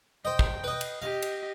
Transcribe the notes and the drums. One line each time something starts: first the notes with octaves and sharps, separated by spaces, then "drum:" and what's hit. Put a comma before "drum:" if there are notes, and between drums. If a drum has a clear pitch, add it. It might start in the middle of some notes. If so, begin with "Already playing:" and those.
C5 D#5 G5
drum: kick
B4 D#5
drum: cymbal
G4 D#5 F5
drum: cymbal